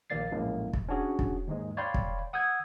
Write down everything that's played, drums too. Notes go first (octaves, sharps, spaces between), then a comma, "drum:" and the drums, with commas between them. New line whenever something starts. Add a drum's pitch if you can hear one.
A#1 D#2 A#3 D5 A6 C7
A#1 F#2 A2 G#3 A#3
drum: kick
C#4 D4 F#4 G#4
drum: kick
D#2 G#2 G#3
C#5 D5 F5 G5 B5 C6
drum: kick
F#5 D#6 E6 G6 G#6